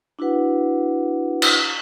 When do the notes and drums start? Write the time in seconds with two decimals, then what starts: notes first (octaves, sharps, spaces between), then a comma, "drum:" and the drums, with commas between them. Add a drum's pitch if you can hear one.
0.19 D4 E4 F#4 B4 F#5
1.42 drum: cymbal